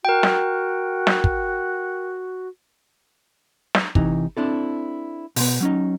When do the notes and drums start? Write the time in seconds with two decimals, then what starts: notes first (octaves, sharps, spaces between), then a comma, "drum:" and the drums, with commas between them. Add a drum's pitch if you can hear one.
0.05 F#4 A#4 G5
0.23 drum: snare
1.07 drum: snare
1.24 drum: kick
3.75 drum: snare
3.95 C3 E3 D#4, drum: kick
4.37 C4 D4 E4 A4
5.36 B2 B3, drum: open hi-hat
5.61 F#3 C#4 D#4